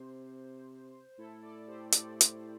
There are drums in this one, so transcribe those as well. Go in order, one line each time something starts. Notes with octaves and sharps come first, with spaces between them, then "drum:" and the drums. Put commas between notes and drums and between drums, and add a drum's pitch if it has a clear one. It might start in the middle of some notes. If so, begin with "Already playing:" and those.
Already playing: C3 C5
A2 E4 A4
A4 D5
G4 C5
A4 D5, drum: hi-hat
drum: hi-hat